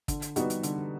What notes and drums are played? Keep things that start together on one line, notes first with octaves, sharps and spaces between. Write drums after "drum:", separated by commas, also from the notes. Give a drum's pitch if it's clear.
D3, drum: kick, hi-hat
drum: hi-hat
G3 B3 D#4 F#4, drum: hi-hat
drum: hi-hat
D3, drum: hi-hat